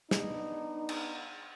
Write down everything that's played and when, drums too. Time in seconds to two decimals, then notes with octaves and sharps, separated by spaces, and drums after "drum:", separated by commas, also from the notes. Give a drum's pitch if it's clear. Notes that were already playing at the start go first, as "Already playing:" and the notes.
0.11 B3 D4 D#4, drum: snare
0.89 drum: cymbal